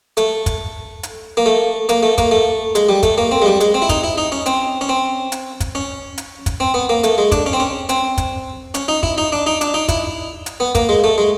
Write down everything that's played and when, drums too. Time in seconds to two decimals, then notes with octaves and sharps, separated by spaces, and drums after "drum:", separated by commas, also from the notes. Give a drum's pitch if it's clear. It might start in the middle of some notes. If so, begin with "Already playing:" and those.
0.17 A3, drum: hi-hat
0.46 drum: kick, hi-hat
1.03 drum: hi-hat
1.37 A#3
1.46 A3
1.89 A#3, drum: hi-hat
2.03 A3
2.18 A#3, drum: kick, hi-hat
2.31 A3
2.75 G#3, drum: hi-hat
2.89 G3
3.03 A3, drum: kick, hi-hat
3.18 A#3
3.31 C4
3.42 G#3
3.46 G3
3.61 G#3, drum: hi-hat
3.74 C4
3.82 E4
3.89 D#4, drum: kick, hi-hat
4.04 E4
4.18 D#4
4.32 C#4
4.46 C4, drum: hi-hat
4.81 C#4
4.89 C4
5.32 drum: hi-hat
5.60 drum: kick, hi-hat
5.75 C#4
6.18 drum: hi-hat
6.46 drum: kick, hi-hat
6.60 C4
6.74 B3
6.89 A#3
7.04 A3, drum: hi-hat
7.18 G#3
7.32 D4, drum: kick, hi-hat
7.46 C#4
7.53 C4
7.60 C#4
7.89 C4, drum: hi-hat
8.18 drum: kick, hi-hat
8.74 C#4, drum: hi-hat
8.88 D#4
9.03 E4, drum: kick
9.18 D#4
9.32 D4
9.47 D#4
9.61 D4, drum: hi-hat
9.74 D#4
9.89 E4, drum: kick, hi-hat
10.46 drum: hi-hat
10.60 B3
10.75 A#3, drum: kick, hi-hat
10.89 G#3
11.04 A3
11.18 G#3